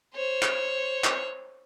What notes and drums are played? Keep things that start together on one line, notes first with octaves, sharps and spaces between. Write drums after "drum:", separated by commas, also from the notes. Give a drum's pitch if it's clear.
C5 C#5
drum: clap
drum: clap